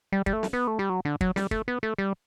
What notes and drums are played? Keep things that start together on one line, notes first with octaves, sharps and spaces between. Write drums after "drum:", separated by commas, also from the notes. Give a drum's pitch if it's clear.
G3
G3, drum: kick
A3
drum: snare
B3
A3
G3
F#3
D3
F#3, drum: kick
G3, drum: snare
A3, drum: kick
B3
A3
G3